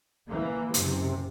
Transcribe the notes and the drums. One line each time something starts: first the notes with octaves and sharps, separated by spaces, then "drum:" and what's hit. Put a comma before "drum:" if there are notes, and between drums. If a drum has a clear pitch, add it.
E3 A#3
F#1 C3, drum: hi-hat